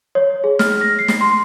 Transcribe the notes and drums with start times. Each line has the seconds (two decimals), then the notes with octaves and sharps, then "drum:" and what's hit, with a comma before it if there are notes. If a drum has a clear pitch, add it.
0.15 C#5
0.44 G#4
0.59 F6, drum: snare
0.81 A#6
0.99 C7
1.08 drum: snare
1.21 C6